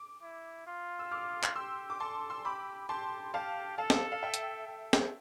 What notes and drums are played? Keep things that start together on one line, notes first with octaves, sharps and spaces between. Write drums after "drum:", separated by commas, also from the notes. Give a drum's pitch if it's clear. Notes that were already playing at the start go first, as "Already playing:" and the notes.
Already playing: D6
E4
F4
E6
D6 F6
drum: clap
G4 C6 E6
D6
A4 A5 C6
C6 E6
G4 B5 D6
G4 A5 C6
G4 F5 A5
A4 F5 A5
drum: snare
F5
E5 G5
drum: hi-hat
A4
drum: snare